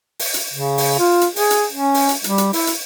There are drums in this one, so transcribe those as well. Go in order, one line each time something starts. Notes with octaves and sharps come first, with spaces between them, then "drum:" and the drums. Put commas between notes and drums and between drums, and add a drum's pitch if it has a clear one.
drum: open hi-hat
drum: hi-hat
C#3
drum: open hi-hat
F4
drum: hi-hat
G#4, drum: open hi-hat
drum: hi-hat
C#4
drum: open hi-hat
drum: hi-hat
G3, drum: hi-hat
drum: hi-hat
E4, drum: open hi-hat
drum: hi-hat